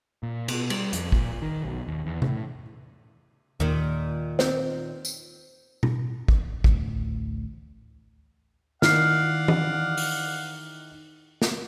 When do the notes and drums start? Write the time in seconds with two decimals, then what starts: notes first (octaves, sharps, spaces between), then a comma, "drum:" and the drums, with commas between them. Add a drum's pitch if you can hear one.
0.23 A#2
0.48 B2, drum: cymbal
0.70 G3, drum: cymbal
0.93 F2, drum: hi-hat
1.12 A#2, drum: kick
1.42 D#3
1.62 B1
1.88 D#2
2.06 E2
2.22 A2, drum: tom C3
3.60 D#2 A#2 D#3
4.39 C4, drum: snare
5.05 drum: tambourine
5.83 drum: tom B2
6.28 drum: kick
6.64 A1 D2, drum: kick
8.82 D#3 E4 D5 F5 F#5 F6 C7, drum: snare
9.48 drum: tom E3
9.97 drum: open hi-hat
11.42 drum: snare